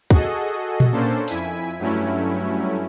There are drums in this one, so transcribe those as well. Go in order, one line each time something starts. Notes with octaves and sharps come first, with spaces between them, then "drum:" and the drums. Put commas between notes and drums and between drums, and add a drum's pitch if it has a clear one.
F#4 G#4 A4 D#5, drum: kick
drum: tom A#2
A#3 C#4 D4 A4 C5
F2 E4 G#5 B6, drum: open hi-hat
G2 F#3 A3 C#4 E4